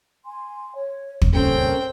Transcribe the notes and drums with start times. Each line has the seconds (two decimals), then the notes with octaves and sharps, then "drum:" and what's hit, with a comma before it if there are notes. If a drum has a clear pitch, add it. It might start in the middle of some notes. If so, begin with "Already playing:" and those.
0.24 G#5 C6
0.75 C#5
1.22 drum: kick
1.33 C#2 G2 A#2 C4 C#4 A4 A#4 G5